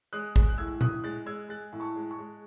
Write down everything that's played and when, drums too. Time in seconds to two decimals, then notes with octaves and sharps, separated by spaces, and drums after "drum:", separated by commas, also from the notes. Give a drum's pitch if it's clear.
0.13 G#3 D#6 F#6
0.36 G#3, drum: kick
0.49 F#6
0.58 A2 E6 G#6
0.81 A2 D#6 F#6, drum: tom A#2
1.03 G#3 F#6 A6
1.26 G#3 E6 G#6
1.49 G#3 F#6 A6
1.73 A2
1.80 A5 C#6
1.96 G#3
2.11 A5 C#6
2.19 G#3